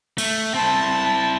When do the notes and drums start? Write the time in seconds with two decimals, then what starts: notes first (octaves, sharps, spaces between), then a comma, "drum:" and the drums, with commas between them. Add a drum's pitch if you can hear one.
0.18 A3, drum: cymbal
0.55 C4 E4 A5